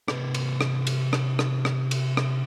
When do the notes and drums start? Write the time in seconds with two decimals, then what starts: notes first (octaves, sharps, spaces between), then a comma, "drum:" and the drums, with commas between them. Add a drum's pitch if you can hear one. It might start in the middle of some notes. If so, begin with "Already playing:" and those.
0.08 C3 B4, drum: rim click
0.34 drum: cymbal
0.61 drum: rim click
0.87 drum: cymbal
1.13 drum: rim click
1.39 drum: rim click
1.65 drum: rim click
1.91 drum: cymbal
2.17 drum: rim click